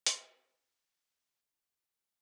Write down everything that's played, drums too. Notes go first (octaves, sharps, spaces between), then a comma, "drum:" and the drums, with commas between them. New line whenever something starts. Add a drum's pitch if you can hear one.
C6 C#6, drum: hi-hat